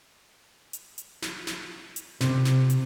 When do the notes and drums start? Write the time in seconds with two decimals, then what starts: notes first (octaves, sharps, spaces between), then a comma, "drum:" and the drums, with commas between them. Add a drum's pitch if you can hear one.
0.73 drum: hi-hat
0.98 drum: hi-hat
1.22 drum: snare
1.47 drum: snare
1.96 drum: hi-hat
2.21 C3, drum: snare
2.45 drum: snare
2.70 drum: hi-hat